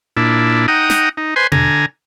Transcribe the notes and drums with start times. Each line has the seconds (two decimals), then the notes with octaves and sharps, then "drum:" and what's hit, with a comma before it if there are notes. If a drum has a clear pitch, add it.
0.17 A#2 D4 E4
0.68 D#4 F#5 G5 A#5 D#6
0.90 drum: snare
1.17 D#4
1.36 B4 C5 G#5 C6
1.52 D3 G#5 A#5, drum: tom B2